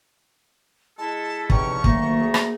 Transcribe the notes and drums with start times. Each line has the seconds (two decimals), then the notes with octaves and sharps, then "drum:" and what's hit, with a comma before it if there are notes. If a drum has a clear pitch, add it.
0.98 G#3 E4 A4 A5
1.50 E2 C3 F3 C#4 D#4 A4 G5 C#6, drum: kick
1.84 D2 D#3 F#3 G3 A3 A#3 A#5, drum: kick
2.21 G#4
2.34 drum: rim click